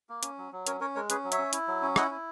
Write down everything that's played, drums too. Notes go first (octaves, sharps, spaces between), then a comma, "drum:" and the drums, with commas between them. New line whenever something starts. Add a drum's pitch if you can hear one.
A#3
C#4, drum: hi-hat
F#3
F#3
C#4 A#4 C#5, drum: hi-hat
C#4 A#4 C#5
G#3 A#4 C#5
C#4 G#4 B4, drum: hi-hat
F#3
C#5 E5, drum: hi-hat
C#4
E4, drum: hi-hat
F#3
C#4
E4 D#5 F#5, drum: rim click
E4